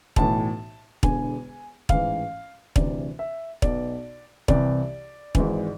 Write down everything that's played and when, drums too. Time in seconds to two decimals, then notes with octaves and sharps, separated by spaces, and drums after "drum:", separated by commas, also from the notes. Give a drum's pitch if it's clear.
0.16 B1 A2 E3 A5, drum: kick
1.03 E1 E2 D3 G#5, drum: kick
1.89 A1 G#2 E3 F5, drum: kick
2.76 D2 C3 E3 D5, drum: kick
3.19 E5
3.62 B1 B2 D5, drum: kick
4.48 C2 C3 E3 D5, drum: kick
5.35 G#1 G#2 E3, drum: kick